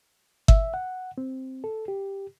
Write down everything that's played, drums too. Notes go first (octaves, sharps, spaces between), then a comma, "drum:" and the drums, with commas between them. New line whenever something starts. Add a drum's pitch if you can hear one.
E5, drum: kick G1
F#5
C4
A4
G4